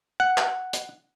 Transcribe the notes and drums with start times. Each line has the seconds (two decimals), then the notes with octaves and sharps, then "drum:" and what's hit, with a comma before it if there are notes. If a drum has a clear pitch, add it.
0.20 F#5
0.38 drum: clap
0.73 drum: hi-hat